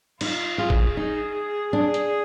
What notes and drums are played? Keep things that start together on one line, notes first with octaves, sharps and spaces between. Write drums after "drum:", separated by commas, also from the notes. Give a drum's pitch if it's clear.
D#4 F4, drum: cymbal
F4 G#4
drum: kick A1
D#4 G#4
D4
drum: hi-hat